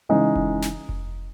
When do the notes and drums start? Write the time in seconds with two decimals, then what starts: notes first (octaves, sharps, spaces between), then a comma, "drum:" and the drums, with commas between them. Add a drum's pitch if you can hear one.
0.09 C#3 E3 G#3 D#4
0.36 drum: kick F1
0.62 drum: snare
0.89 drum: kick F1